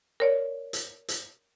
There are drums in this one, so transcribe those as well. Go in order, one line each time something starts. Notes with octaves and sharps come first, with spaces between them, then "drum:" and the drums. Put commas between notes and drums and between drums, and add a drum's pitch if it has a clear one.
A#4 C#5 D5
drum: hi-hat
drum: hi-hat